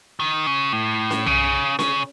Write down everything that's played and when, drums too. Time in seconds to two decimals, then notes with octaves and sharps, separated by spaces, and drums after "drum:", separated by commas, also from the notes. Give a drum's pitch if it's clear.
0.20 D#3
0.46 C#3
0.73 A2
1.11 drum: snare C#4
1.26 C#3, drum: tom B1
1.79 C#3, drum: snare C#4